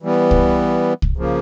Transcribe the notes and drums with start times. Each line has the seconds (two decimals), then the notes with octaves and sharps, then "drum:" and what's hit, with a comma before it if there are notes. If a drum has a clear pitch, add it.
0.02 E3 G3 B3
0.31 drum: kick C2
1.02 drum: kick C2
1.17 C#3 F3 A#3